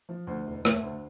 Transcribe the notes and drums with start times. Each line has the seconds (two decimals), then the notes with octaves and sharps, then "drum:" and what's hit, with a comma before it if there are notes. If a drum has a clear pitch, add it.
0.09 F3
0.27 D2
0.46 E1
0.65 A3, drum: rim click
0.83 D2